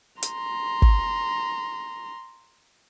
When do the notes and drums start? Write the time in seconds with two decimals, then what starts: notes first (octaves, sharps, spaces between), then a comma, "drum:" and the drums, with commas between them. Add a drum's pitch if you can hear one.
0.23 A#5 C6, drum: hi-hat
0.82 drum: kick